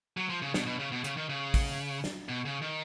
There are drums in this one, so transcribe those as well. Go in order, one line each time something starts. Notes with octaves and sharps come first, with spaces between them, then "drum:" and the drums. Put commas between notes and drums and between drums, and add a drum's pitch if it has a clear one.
F#3
F3
C#3
B2, drum: snare
B2
C#3
B2
C#3, drum: hi-hat
D#3
C#3
drum: kick, open hi-hat
drum: snare
B2
C#3
D#3